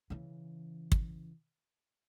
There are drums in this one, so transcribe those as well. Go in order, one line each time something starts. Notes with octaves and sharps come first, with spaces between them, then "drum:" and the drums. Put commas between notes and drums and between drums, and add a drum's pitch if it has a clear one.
C#3 E3
drum: kick